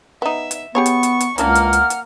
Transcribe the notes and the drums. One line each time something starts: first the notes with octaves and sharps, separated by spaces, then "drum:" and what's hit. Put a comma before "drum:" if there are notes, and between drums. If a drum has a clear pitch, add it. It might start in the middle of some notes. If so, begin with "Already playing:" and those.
B3 D#4 E5
drum: hi-hat
B3 G4 G#4 C#5 C#6
drum: hi-hat
drum: hi-hat
drum: hi-hat
C#2 A#3 C#4 D4 E4 F#5 F6, drum: hi-hat
drum: hi-hat
drum: hi-hat
drum: hi-hat